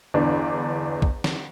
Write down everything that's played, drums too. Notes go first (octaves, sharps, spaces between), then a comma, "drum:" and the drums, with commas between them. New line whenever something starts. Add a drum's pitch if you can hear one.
G1 E2 E3 D4
drum: kick
drum: snare